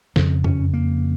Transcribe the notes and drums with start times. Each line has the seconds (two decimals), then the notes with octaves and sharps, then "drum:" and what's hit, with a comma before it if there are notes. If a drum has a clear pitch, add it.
0.16 F2 C#3 C4, drum: snare
0.44 C#4, drum: tom F#2
0.74 A#3